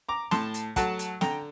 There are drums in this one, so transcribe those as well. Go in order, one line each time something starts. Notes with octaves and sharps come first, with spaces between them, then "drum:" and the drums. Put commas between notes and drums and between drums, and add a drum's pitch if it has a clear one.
A#5 D6
A2 A5 C6, drum: snare
drum: hi-hat
F#3 A3 F#5 A5, drum: kick, hi-hat
drum: hi-hat
D3 G5 A#5, drum: snare